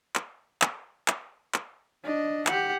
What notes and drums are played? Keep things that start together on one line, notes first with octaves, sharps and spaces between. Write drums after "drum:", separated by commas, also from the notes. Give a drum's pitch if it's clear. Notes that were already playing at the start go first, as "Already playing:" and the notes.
drum: clap
drum: clap
drum: clap
drum: clap
D4 D#5
G4 F#5, drum: clap